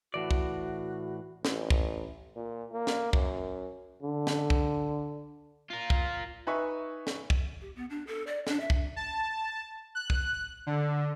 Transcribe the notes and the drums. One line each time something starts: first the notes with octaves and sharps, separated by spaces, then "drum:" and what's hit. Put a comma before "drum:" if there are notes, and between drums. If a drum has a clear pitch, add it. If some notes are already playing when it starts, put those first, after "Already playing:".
A2 E3 F#4 D5
drum: kick
A1, drum: snare
drum: kick
A#2
A#3
drum: snare
F#2, drum: kick
D3
drum: snare
drum: kick
F4 A#4
drum: kick
D#4 B4 E5 G#5 C#6
drum: snare
drum: kick
G4
B3
D4
A4
D5
D4, drum: snare
E5
drum: kick
A5
F#6
drum: kick
D3